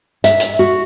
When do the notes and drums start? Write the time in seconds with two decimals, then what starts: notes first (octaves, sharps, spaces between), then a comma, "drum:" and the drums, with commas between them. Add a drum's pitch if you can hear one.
0.24 E5, drum: hi-hat
0.40 drum: hi-hat
0.59 F#4